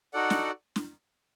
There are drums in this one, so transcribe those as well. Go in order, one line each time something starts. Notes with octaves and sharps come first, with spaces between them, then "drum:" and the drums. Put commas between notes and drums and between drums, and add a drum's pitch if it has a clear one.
D#4 F#4 A4 D5 F#5
drum: snare
drum: snare